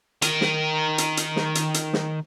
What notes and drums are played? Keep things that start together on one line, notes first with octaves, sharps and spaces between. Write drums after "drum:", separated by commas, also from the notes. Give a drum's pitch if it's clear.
D#3 A#4, drum: hi-hat
drum: snare
drum: hi-hat
drum: hi-hat
drum: snare
drum: hi-hat
drum: hi-hat
drum: snare